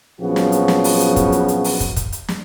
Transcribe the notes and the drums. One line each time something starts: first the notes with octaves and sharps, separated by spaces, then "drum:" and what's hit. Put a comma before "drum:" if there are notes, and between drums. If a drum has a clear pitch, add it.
A#1 C#3 F3 F#3 B3 F#4
drum: snare
drum: hi-hat
drum: snare
drum: open hi-hat
drum: hi-hat
drum: kick, hi-hat
drum: hi-hat
drum: hi-hat
drum: open hi-hat
drum: kick, hi-hat
drum: kick, hi-hat
drum: hi-hat
drum: snare